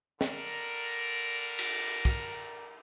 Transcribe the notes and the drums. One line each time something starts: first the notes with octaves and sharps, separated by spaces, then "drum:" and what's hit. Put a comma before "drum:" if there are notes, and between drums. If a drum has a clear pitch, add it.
D3 G3 A#4, drum: snare
drum: cymbal
drum: kick